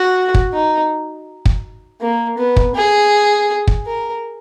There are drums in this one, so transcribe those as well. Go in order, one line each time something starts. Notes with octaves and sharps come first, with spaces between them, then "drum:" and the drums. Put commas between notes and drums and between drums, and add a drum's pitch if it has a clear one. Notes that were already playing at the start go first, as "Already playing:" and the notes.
Already playing: F#4
drum: kick
D#4
drum: kick
A#3
B3
drum: kick
G#4
drum: kick
A#4